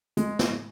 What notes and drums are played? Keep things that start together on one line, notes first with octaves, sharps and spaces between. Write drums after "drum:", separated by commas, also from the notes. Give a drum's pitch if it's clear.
G#3, drum: hi-hat
drum: snare